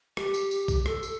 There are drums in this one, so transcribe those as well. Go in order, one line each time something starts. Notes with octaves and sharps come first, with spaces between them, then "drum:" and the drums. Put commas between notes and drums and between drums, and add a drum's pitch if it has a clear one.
G4, drum: rim click
drum: tambourine
drum: tambourine
drum: kick, tambourine
A4, drum: rim click
drum: tambourine